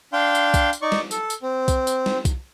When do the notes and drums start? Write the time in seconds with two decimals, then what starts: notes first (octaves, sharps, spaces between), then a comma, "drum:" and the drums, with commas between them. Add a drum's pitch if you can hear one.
0.13 D4 F5 G5 C6
0.35 drum: tambourine
0.54 drum: kick B1, tambourine
0.73 drum: tambourine
0.82 D#4 D5 C#6
0.92 drum: snare
1.11 A4, drum: tambourine
1.30 drum: tambourine
1.42 C4
1.68 drum: kick B1, tambourine
1.87 drum: tambourine
2.06 drum: snare
2.25 drum: kick B1, tambourine